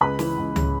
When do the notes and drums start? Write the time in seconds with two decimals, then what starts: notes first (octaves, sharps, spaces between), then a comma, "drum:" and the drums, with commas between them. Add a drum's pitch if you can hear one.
0.01 C#2 B4 B5
0.19 E3, drum: snare
0.38 C#2
0.56 C#3, drum: tom C#2